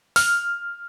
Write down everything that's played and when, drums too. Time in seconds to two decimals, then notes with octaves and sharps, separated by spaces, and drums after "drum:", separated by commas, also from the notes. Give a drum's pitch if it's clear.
0.16 F6, drum: open hi-hat